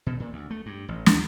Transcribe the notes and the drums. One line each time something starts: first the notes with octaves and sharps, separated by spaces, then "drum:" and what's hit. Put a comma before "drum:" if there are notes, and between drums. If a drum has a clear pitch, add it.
B2
A#2
D2
A3
G2
A1
D#2, drum: snare